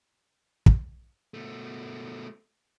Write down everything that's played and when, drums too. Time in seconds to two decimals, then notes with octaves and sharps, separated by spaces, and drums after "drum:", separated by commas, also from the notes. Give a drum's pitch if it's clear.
0.66 drum: kick
1.34 B2 A3